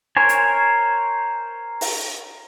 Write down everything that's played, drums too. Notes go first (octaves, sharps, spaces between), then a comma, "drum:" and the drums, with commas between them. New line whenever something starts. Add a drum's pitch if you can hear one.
A#4 C5 C#5 G#5
drum: hi-hat
drum: open hi-hat